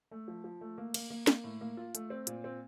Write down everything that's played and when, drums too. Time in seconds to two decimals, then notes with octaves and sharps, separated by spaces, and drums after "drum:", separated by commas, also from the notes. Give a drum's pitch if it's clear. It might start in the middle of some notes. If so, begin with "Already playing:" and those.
0.11 A3
0.28 F3
0.44 F3
0.61 A3
0.78 A#3
0.94 A#3, drum: cymbal
1.10 A#3
1.27 A#3, drum: snare
1.44 A2
1.61 A#3
1.77 F4
1.95 A3, drum: hi-hat
2.10 C4
2.27 A#2, drum: hi-hat
2.44 C4